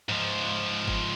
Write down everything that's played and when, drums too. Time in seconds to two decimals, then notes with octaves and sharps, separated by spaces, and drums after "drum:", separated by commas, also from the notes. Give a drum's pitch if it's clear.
0.09 G#2 F3
0.88 drum: kick G1